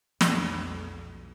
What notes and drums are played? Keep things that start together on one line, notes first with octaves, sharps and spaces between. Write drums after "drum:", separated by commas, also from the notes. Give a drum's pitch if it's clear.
B1 F2, drum: snare